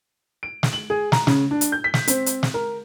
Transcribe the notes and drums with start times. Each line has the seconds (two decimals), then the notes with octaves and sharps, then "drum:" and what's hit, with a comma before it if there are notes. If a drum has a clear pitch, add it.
0.43 D7
0.63 drum: snare
0.73 F#7
0.90 G#4
1.12 A#5, drum: snare
1.27 C#3, drum: snare
1.51 D4
1.61 drum: hi-hat
1.72 G6
1.84 B6
1.94 drum: snare
2.08 C4, drum: hi-hat
2.26 drum: hi-hat
2.43 drum: snare
2.54 A#4